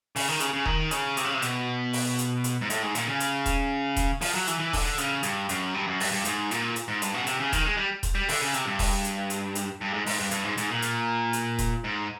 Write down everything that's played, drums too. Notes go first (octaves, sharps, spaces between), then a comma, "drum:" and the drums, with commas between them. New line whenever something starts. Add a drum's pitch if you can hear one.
C#3, drum: open hi-hat
D#3
C#3, drum: hi-hat
C#3
D#3, drum: kick D#1
C#3, drum: hi-hat
C3, drum: hi-hat
C#3
C3
B2, drum: hi-hat
drum: open hi-hat
drum: hi-hat
drum: hi-hat
G#2
A2, drum: hi-hat
G#2
A#2, drum: hi-hat
C#3
drum: hi-hat
drum: kick D#1, hi-hat
drum: kick D#1, hi-hat
F3, drum: open hi-hat
F#3
E3, drum: hi-hat
E3
D3, drum: kick D#1, open hi-hat
C#3, drum: hi-hat
G2, drum: hi-hat
F#2, drum: hi-hat
G2
F#2
G2, drum: open hi-hat
G2
G#2, drum: hi-hat
A#2, drum: hi-hat
drum: hi-hat
G#2
G2, drum: hi-hat
B2
C#3
C3, drum: hi-hat
C#3
D#3, drum: kick D#1, hi-hat
G#3
G3
drum: kick D#1, hi-hat
G3
D3, drum: open hi-hat
C#3
C3, drum: hi-hat
G2
drum: kick D#1, open hi-hat
drum: hi-hat
drum: hi-hat
drum: hi-hat
G2
G#2
G#2, drum: open hi-hat
G2
G2, drum: hi-hat
G#2
G#2, drum: hi-hat
A#2
drum: hi-hat
drum: hi-hat
drum: kick D#1, hi-hat
G#2